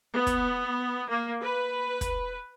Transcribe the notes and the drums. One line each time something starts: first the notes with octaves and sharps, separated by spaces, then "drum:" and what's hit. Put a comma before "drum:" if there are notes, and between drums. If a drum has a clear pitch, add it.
B3
drum: kick, hi-hat
A#3
B4
drum: kick, hi-hat